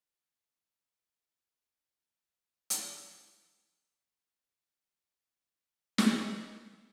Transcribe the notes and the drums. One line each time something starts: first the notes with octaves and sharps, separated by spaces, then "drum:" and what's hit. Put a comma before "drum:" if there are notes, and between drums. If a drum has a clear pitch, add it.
G3
C#4
D#3
E4
F#4
C#5
drum: hi-hat
C4 F#6 E7
drum: snare